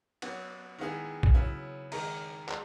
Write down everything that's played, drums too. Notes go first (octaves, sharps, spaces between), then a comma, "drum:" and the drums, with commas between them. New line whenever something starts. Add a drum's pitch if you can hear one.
F#3 B3 F#4, drum: cymbal
D#3 G#3 B3 E4 G#4
drum: kick
C#3 F#3 B3 E4
D#3 G#3 D#4 A#4, drum: cymbal
G#3, drum: clap